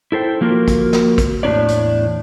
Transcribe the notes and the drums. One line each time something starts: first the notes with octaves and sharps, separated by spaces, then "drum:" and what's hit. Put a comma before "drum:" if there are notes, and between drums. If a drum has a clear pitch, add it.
E4 A4 C5 G5
F3 A#3 F4 F#4 A#4
drum: kick, hi-hat
drum: snare
drum: kick, hi-hat
E2 A2 D4 E4 C#5 D5
drum: hi-hat